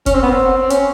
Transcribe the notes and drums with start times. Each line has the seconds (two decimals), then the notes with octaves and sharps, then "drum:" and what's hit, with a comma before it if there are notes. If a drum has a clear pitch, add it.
0.06 C#4, drum: kick F1, hi-hat
0.14 C4
0.22 B3
0.29 C4
0.70 C#4, drum: hi-hat